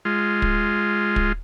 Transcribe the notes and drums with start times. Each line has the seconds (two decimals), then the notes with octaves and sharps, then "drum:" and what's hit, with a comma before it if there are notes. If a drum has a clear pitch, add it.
0.05 G#3 F4
0.42 drum: kick
1.16 drum: kick